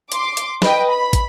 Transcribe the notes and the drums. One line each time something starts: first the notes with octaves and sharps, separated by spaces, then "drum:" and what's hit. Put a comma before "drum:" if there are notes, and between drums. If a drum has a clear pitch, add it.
C6 D6, drum: hi-hat
drum: hi-hat
B4 D#5 G5, drum: snare
B5
drum: kick, hi-hat